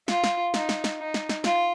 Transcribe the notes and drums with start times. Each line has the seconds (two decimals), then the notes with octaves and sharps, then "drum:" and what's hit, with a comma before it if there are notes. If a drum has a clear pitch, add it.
0.08 F4, drum: snare
0.24 drum: snare
0.54 D#4, drum: snare
0.69 drum: snare
0.84 drum: snare
0.99 D#4
1.14 drum: snare
1.29 drum: snare
1.44 F4, drum: snare